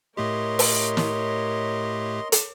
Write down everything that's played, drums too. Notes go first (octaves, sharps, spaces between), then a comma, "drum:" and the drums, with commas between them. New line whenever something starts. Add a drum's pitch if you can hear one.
A2 A3 G4 A#4 C#5 D#5 C6
drum: open hi-hat
drum: snare
drum: hi-hat